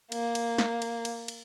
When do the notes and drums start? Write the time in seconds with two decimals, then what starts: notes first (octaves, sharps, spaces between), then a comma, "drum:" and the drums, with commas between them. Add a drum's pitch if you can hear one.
0.12 A#3, drum: cymbal
0.35 drum: cymbal
0.58 drum: snare
0.82 drum: cymbal
1.05 drum: cymbal
1.28 drum: cymbal